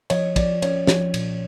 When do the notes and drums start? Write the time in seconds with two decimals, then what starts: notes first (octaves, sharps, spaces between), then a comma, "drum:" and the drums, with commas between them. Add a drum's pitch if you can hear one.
0.10 F3 C#5 D#5, drum: cymbal
0.36 F3 D5, drum: kick, cymbal
0.62 C#4 C#5, drum: cymbal
0.87 F3 C#5, drum: snare
1.14 A#2, drum: cymbal